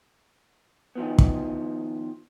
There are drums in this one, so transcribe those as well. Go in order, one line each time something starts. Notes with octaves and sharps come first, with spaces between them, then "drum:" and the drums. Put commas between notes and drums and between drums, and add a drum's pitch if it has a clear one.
D#3 F3 B3
drum: kick